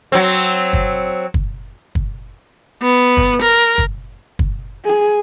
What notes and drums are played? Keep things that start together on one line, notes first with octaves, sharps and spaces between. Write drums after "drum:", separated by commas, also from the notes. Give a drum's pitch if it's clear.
F#3 C4
drum: kick
drum: kick
drum: kick
B3
drum: kick
A#4
drum: kick
drum: kick
G#4